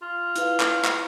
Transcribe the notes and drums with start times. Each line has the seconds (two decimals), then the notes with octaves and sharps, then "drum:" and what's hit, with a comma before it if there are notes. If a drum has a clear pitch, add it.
0.02 F4
0.36 E4 B4 F5, drum: hi-hat
0.60 drum: clap
0.85 drum: clap